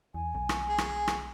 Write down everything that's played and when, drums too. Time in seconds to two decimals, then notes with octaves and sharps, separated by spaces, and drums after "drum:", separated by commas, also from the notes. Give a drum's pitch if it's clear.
0.14 E2 G#5
0.35 B1
0.49 drum: rim click
0.69 G#4
0.78 drum: rim click
1.08 drum: rim click